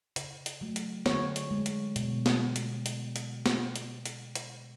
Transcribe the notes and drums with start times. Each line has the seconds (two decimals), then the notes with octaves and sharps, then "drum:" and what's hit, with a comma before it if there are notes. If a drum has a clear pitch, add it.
0.16 C#3, drum: hi-hat
0.46 drum: hi-hat
0.61 F#3 A3
0.76 drum: hi-hat
1.06 D3 C#5, drum: snare
1.36 drum: hi-hat
1.51 G#3
1.66 drum: hi-hat
1.96 B2, drum: hi-hat
2.26 drum: snare
2.56 drum: hi-hat
2.86 drum: hi-hat
3.16 drum: hi-hat
3.46 drum: snare
3.76 drum: hi-hat
4.06 drum: hi-hat
4.35 drum: hi-hat